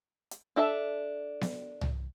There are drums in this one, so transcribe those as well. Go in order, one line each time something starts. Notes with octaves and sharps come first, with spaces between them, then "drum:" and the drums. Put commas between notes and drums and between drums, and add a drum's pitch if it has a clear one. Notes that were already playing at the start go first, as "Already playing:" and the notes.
drum: hi-hat
D4 A4 E5 A5
drum: snare B3
drum: tom C2